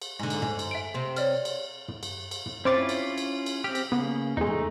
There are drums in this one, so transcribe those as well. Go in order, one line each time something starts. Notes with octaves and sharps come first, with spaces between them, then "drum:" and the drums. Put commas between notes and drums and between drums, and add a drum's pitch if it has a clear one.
drum: cymbal
G#2 D3
drum: cymbal
G#2, drum: tom
drum: cymbal
E5 D7
C3 C4
C#5 D5 F6, drum: cymbal
drum: cymbal
drum: tom
drum: cymbal
drum: cymbal
drum: tom
C4 C#4 E4 F4 D6 A6
drum: cymbal
drum: cymbal
drum: cymbal
C4 G4 F6
drum: cymbal
C#3 A#3 B3
E2 G#3 A3 D#4
drum: tom